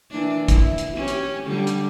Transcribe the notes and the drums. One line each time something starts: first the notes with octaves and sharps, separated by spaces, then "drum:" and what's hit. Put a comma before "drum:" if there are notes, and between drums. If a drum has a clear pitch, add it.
E3 A#3 D4
E4, drum: kick, hi-hat
drum: hi-hat
C#4 G4
drum: hi-hat
D3 G3
drum: hi-hat